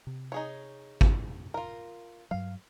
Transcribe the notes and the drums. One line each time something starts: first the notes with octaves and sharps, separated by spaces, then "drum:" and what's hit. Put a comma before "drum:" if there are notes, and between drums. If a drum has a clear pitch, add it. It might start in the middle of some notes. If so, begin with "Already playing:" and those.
C3
D#4 G#4 C#5
drum: kick G#1
F4 A#4
G2 F#3 F5